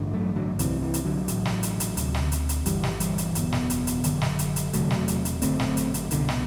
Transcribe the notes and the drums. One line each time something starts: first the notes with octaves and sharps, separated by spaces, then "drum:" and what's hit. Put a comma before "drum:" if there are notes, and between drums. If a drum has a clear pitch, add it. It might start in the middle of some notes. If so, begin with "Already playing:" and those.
Already playing: A1 G2 D3
F#3 A3
D3 F#3
C2 C3 E3, drum: hi-hat
E3
drum: hi-hat
D3 F#3
A1 A2, drum: hi-hat
drum: snare
drum: hi-hat
drum: hi-hat
D2 C3, drum: hi-hat
drum: snare
drum: hi-hat
drum: hi-hat
G1 G2 D3 E3 G3, drum: hi-hat
drum: snare
E3 G3, drum: hi-hat
drum: hi-hat
F#1 E2 B2, drum: hi-hat
drum: snare
drum: hi-hat
drum: hi-hat
F#1 F#2 D3, drum: hi-hat
drum: snare
drum: hi-hat
drum: hi-hat
E1 E2 C3 F#3 A3, drum: hi-hat
drum: snare
drum: hi-hat
drum: hi-hat
G1 F#2 D3 A3 C4, drum: hi-hat
drum: snare
drum: hi-hat
drum: hi-hat
C2 B2 D3, drum: hi-hat
drum: snare